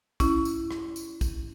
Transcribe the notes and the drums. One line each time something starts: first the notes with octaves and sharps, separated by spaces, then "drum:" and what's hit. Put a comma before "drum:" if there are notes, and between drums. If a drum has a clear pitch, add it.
C#4 E4, drum: kick, tambourine
drum: tambourine
drum: rim click
drum: tambourine
drum: kick, tambourine